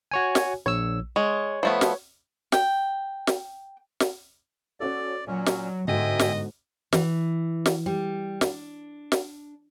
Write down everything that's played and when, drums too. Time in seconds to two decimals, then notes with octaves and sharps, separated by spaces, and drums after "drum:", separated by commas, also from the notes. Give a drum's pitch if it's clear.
0.11 F#4 C#5 G#5
0.35 drum: snare
0.66 A#1 C#5 E6
1.16 G#3 C#5
1.63 F3 A3 B3
1.81 drum: snare
2.52 G5, drum: snare
3.27 drum: snare
4.00 drum: snare
4.80 C#4 F#4 A4 D5
5.27 A#2 F#3 C#4 D5
5.46 drum: snare
5.88 G1 G#2 F#4 D#5 E5 G5 G#5 D#7
6.19 drum: snare
6.93 E3, drum: snare
7.66 drum: snare
7.86 G3
8.41 D4, drum: snare
9.12 drum: snare